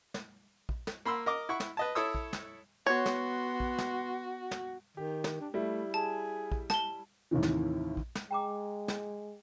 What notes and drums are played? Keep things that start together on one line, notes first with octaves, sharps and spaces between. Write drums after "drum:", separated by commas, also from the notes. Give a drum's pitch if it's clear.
drum: snare
drum: kick
drum: snare
A#3 B5 C6 E6
A#4 D#5 D6
E4 F#5 C#6
drum: snare
B4 D#5 A5
E4 A4 C#5 D#6 E6
drum: kick
drum: snare
B3 F#4 C#5 C6
drum: snare
drum: kick
drum: snare
drum: snare
D#3 G4
drum: snare
D4
G3 A3 E4
G#4 A5
drum: kick
A5 G7, drum: snare
D#2 A2 C3 D#3 E3
drum: snare
drum: kick
drum: snare
G#3 G5 A#5 D6
drum: snare